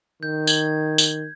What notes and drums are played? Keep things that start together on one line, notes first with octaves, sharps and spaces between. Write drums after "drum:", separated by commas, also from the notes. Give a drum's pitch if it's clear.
D#3 G6
G#6, drum: tambourine
drum: tambourine